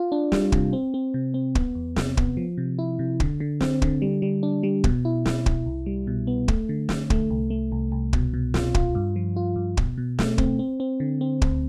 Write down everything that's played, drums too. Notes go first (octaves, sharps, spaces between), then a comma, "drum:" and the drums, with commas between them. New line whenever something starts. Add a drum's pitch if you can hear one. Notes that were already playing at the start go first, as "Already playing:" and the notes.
Already playing: F4
D4
G3, drum: snare
C3, drum: kick
C4
C4
C3
C4
B3, drum: kick
E2
C3, drum: snare
B3, drum: kick
F3
C3
E4
C3
D3, drum: kick
D3
C4, drum: snare
D3, drum: kick
G3
G3
D4
G3
B2, drum: kick
E4
E4, drum: snare
E4, drum: kick
C2
G3
B2
B3
A3, drum: kick
D3
D3, drum: snare
A3, drum: kick
C2
A3
C2
C2
B2, drum: kick
B2
F4, drum: snare
F4, drum: kick
G2
F3
F4
G2
B2, drum: kick
B2
A3, drum: snare
C4, drum: kick
C4
C4
D3
C4
D2, drum: kick